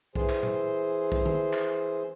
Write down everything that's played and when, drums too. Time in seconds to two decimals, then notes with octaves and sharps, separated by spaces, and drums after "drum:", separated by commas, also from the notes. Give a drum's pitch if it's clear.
0.15 E3 G#4 C5, drum: kick
0.29 drum: clap
0.43 drum: tom A#2
1.12 drum: kick
1.25 drum: tom D#3
1.53 drum: clap